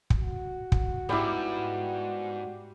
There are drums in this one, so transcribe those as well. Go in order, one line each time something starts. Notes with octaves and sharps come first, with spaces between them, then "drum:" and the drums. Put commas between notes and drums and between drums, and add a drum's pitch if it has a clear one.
drum: kick
F#4
drum: kick
G#2 G3 B3 E4 G5 D6